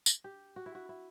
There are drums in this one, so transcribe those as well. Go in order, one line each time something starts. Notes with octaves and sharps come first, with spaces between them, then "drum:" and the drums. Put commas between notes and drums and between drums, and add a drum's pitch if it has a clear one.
drum: tambourine
G4
F#4
E4
F#4
E4